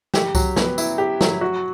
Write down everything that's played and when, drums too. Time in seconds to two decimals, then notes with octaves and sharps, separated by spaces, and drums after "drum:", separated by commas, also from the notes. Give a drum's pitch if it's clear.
0.14 G4, drum: snare
0.35 F#3, drum: kick C2, tambourine
0.56 B3, drum: snare
0.78 E4, drum: tambourine
0.98 G4
1.21 F#3, drum: snare
1.41 F#4